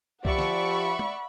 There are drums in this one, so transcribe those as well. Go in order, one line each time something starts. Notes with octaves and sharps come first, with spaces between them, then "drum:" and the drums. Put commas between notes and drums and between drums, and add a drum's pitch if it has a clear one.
F3 G4 D5 E5 F#5 B5 C#6, drum: kick C2
drum: snare
drum: tom